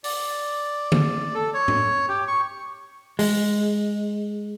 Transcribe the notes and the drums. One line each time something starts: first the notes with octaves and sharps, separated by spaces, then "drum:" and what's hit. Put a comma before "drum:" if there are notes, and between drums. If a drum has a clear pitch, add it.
D5, drum: open hi-hat
drum: tom D3
A4
C#5
drum: tom A2
G4
C#6
G#3, drum: open hi-hat